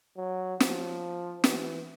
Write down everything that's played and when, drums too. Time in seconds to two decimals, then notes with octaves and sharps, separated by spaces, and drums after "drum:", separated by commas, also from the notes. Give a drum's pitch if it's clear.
0.17 F#3
0.60 F3, drum: snare
1.44 E3, drum: snare